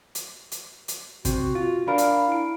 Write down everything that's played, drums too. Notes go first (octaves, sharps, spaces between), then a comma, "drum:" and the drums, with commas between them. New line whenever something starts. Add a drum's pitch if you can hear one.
drum: hi-hat
drum: hi-hat
drum: hi-hat
C3 F#4, drum: kick, hi-hat
F4
D4 A#4 F5 B5
drum: hi-hat
E4 D7